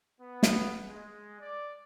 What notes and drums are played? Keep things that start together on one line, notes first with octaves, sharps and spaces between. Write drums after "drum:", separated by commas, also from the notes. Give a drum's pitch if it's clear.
B3
drum: snare
G#3
D5